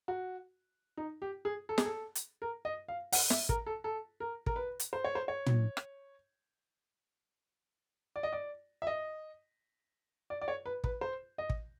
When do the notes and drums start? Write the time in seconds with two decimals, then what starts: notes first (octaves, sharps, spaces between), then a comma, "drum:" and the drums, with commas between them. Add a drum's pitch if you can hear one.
0.08 F#4
0.97 D#4
1.22 G4
1.45 G#4
1.69 A4
1.78 G#4, drum: snare
1.85 A4
2.15 drum: hi-hat
2.42 A#4
2.65 D#5
2.88 F5
3.12 F#5, drum: open hi-hat
3.30 E5, drum: snare
3.49 A#4, drum: kick
3.66 A4
3.84 A4
4.20 A#4
4.46 A#4, drum: kick
4.56 B4
4.80 drum: hi-hat
4.93 C5
5.04 C#5
5.15 C5
5.28 C#5
5.46 drum: tom
5.77 drum: rim click
8.16 D5
8.23 D#5
8.33 D5
8.82 E5
8.87 D#5
10.30 D5
10.42 D5
10.48 C#5
10.66 B4
10.84 B4, drum: kick
11.01 C5
11.38 D#5
11.50 drum: kick